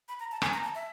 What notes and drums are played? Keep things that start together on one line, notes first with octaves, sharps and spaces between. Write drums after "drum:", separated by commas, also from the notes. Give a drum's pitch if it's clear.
B5
A#5
A5
G#5, drum: rim click
A#5
A5
E5